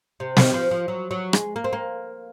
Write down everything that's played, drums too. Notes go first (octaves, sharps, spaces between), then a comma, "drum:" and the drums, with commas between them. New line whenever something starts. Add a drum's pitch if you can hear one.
C3
D#3, drum: snare
F3
F3
F#3
F#3
G#3, drum: rim click
A#3
C4
A#3